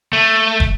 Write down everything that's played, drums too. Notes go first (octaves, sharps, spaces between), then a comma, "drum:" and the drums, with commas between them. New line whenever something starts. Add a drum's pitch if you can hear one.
A3
drum: kick